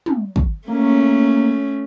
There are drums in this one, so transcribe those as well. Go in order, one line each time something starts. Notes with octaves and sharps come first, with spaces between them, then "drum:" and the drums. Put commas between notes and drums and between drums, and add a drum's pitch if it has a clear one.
drum: tom
drum: kick
A3 A#3 C#4